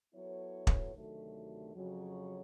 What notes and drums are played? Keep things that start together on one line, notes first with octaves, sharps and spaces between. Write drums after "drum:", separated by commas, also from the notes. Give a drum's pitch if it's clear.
F#3 B3 E4 A4 C#5
drum: kick
D2 C3 D#3 F#3 A3
F2 C#3 F#3